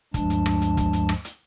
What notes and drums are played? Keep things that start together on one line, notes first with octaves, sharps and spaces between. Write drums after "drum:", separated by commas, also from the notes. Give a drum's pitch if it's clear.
D2 G2 F3 G#3 D4 A5, drum: kick, hi-hat
drum: hi-hat
drum: rim click
drum: hi-hat
drum: kick, hi-hat
drum: hi-hat
drum: rim click
drum: hi-hat